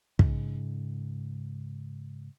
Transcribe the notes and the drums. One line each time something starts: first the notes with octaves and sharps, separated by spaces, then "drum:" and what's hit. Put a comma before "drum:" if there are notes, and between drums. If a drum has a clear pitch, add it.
G#2 C#3, drum: kick